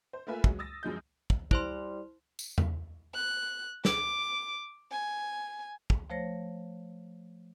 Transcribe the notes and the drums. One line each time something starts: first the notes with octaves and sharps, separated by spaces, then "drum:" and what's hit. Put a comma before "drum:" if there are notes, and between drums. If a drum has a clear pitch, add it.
C5
A3 A#3 F4 B4 E5 G#5
F#3 G#3, drum: kick
D#6 E6 A6 A#6
F#2 F3 G#3 G6
drum: kick
G3 E4 C5 C6, drum: kick
drum: tambourine
drum: tom E2
F#6
D6, drum: snare
G#5
drum: kick
F3 A3 C5 C#5 A#6